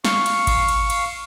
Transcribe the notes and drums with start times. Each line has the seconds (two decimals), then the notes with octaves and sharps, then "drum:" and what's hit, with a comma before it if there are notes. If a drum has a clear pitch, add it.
0.05 F5 C#6, drum: snare
0.26 drum: cymbal
0.47 drum: kick G#1, cymbal
0.68 drum: cymbal
0.90 drum: cymbal